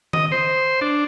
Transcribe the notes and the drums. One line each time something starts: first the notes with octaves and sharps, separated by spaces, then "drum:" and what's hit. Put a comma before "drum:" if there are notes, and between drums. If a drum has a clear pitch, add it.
D#5, drum: tom D#3
C5
D4